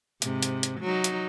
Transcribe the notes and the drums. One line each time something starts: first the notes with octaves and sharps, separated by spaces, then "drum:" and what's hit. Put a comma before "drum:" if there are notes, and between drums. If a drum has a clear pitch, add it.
G#2 C3, drum: hi-hat
drum: hi-hat
drum: hi-hat
F#3 D#4
drum: hi-hat